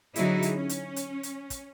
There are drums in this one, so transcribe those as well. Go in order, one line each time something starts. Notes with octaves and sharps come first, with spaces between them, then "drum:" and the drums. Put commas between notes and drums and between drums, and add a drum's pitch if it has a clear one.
D3 F#3 D#4 E4 F#4 G#4, drum: hi-hat
drum: hi-hat
C#4
drum: hi-hat
drum: hi-hat
drum: hi-hat
drum: kick, hi-hat